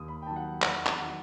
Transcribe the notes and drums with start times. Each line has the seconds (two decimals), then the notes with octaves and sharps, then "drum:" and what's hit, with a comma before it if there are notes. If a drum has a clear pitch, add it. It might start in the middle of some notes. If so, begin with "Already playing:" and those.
Already playing: D#2 D#6
0.08 B5
0.22 G5
0.26 D#3 F#3 A5
0.36 F#5
0.44 G5
0.62 E2 F#5, drum: clap
0.86 drum: clap
0.99 D#3 F#3 F#5